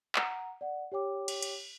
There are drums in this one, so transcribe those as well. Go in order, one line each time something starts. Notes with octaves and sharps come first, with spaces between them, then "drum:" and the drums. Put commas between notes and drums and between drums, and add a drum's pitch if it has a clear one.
F#5 A#5, drum: clap
D5 F#5
G4 C#5 G5 D6
drum: cymbal
drum: cymbal